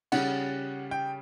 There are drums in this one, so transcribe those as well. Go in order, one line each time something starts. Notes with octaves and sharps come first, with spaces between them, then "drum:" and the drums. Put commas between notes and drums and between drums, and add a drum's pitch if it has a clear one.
C#3 G3 C#4 F#5, drum: cymbal
G5